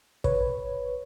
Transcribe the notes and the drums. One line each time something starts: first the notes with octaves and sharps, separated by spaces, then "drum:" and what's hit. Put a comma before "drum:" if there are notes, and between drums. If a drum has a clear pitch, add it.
B4 C#5, drum: kick